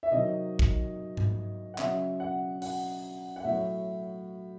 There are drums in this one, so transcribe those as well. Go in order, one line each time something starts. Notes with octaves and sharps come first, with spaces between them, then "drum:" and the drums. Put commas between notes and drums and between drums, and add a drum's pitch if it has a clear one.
E5
C3 D#3 F#3 D#5
drum: kick
drum: tom G#2
F#5
C#3 F#3 E5, drum: clap
F#5
F#5, drum: open hi-hat
F#5
A2 F#3 E5